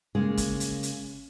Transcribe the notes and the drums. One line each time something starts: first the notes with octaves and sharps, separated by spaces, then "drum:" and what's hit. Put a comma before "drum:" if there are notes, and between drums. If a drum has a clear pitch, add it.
C#3 G#3 A#3 G#4
drum: kick, hi-hat
drum: hi-hat
drum: hi-hat